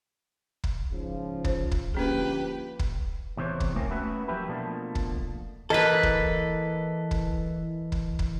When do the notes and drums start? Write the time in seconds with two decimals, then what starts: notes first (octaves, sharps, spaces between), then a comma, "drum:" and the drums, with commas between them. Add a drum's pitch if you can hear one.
0.64 drum: kick
0.93 G#2 C#3 F3
1.45 C5, drum: kick
1.72 drum: kick
1.94 G1 D3 F3 A#3 C#4 G4 G#4 B4
2.79 drum: kick
3.37 E2 C3 E3 C5 C#5
3.60 drum: kick
3.75 A3 A#3 C4 C#4 A#4
3.91 A3 B3 C#4 E4 F#4 B4
4.28 F3 F#3 A#3 E4 G4 B4
4.48 B2 F3 A3 A#3 D4
4.95 drum: kick
5.70 E3 A#3 A4 B4 D#5 A6 B6
6.03 drum: kick
7.11 drum: kick
7.92 drum: kick
8.19 drum: kick